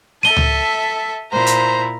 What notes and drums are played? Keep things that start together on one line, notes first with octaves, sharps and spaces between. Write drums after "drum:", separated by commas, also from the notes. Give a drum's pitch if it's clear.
A4 E5 A5 D#7 G7
drum: tom C#2
A#2 E4 C5 A#5
drum: hi-hat